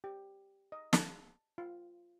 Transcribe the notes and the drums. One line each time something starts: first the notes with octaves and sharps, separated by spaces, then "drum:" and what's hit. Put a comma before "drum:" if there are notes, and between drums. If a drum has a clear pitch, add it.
G4
D#5
A5, drum: snare
F4